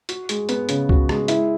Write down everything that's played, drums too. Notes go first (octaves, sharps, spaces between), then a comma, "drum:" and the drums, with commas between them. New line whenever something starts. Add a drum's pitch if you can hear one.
F#4, drum: hi-hat
G#3, drum: hi-hat
B3, drum: hi-hat
C#3, drum: hi-hat
F#4, drum: kick C#2
G#3, drum: rim click
E4, drum: hi-hat